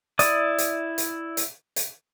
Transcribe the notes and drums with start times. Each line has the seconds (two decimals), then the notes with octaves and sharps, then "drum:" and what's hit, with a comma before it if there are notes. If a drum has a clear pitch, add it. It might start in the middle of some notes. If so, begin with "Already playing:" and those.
0.19 E4 D5 D#6, drum: hi-hat
0.58 drum: hi-hat
0.98 drum: hi-hat
1.37 drum: hi-hat
1.76 drum: hi-hat